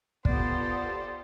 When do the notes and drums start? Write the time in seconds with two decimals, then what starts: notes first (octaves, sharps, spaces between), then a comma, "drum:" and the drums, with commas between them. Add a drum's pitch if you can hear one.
0.25 B3 F4 G4 A4 C5 D5, drum: kick